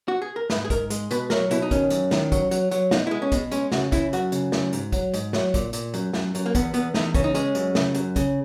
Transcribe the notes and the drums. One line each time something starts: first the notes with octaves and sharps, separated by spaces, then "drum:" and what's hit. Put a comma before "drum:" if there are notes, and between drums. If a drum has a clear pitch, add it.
F#4
G#4
A#4
G#2 B4, drum: snare
G#4
G#2 A#4, drum: kick, hi-hat
G#3, drum: hi-hat
B2 B4, drum: hi-hat
F#3 A#4, drum: snare
B2 E4, drum: hi-hat
D#4
D#3 C#4, drum: kick, hi-hat
F#2, drum: hi-hat
D#3, drum: snare
F#3, drum: kick, hi-hat
F#3, drum: hi-hat
F#3, drum: hi-hat
B2 D#4, drum: snare
G#3 E4
C#4
B2, drum: kick, hi-hat
G#3 C#4, drum: hi-hat
C#3 F#4, drum: snare
C#3 E4, drum: kick, hi-hat
F#2 F#4, drum: hi-hat
C#3, drum: hi-hat
F#2, drum: snare
G#2, drum: hi-hat
F#3, drum: kick, hi-hat
G#2, drum: hi-hat
F#3, drum: snare
A#2, drum: kick, hi-hat
A#2, drum: hi-hat
F#2, drum: hi-hat
F#2, drum: snare
F#2, drum: hi-hat
A#3
E2 B3, drum: kick, hi-hat
E2 B3, drum: hi-hat
E2 D#4, drum: snare
C#3 C#4, drum: kick, hi-hat
D#4
G#3 C#4, drum: hi-hat
F#2, drum: hi-hat
C#3, drum: snare
F#2, drum: hi-hat
C#3, drum: kick, hi-hat